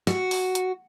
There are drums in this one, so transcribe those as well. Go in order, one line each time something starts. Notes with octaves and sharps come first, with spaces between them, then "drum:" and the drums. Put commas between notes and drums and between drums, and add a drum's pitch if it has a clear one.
F#4, drum: snare
drum: open hi-hat
drum: hi-hat